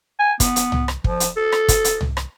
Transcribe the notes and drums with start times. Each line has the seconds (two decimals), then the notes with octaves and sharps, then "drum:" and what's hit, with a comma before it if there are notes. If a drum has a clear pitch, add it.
0.19 G#5
0.40 B3, drum: kick, hi-hat
0.56 drum: hi-hat
0.72 drum: tom
0.88 drum: rim click
1.04 F3, drum: kick
1.20 drum: hi-hat
1.37 A4
1.52 drum: rim click
1.68 drum: kick, hi-hat
1.85 drum: hi-hat
2.01 drum: tom
2.17 drum: rim click